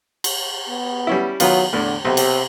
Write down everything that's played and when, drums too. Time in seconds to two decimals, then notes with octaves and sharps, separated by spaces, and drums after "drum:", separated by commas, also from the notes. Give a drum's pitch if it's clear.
0.24 drum: cymbal
0.68 B3
1.07 G3 C#4 E4
1.40 D#3 F#3 B3 F4, drum: cymbal
1.73 E2 A2 D3
2.05 B1 C3
2.17 drum: cymbal